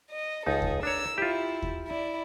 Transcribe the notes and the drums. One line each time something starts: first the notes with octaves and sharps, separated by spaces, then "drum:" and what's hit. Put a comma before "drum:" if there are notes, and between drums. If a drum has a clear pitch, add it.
D#5
C#2 D#4 G#4 A4
drum: kick D#2
D4 A#4 C#5 E6
E4 F4 G4
drum: kick D#2
E4 D5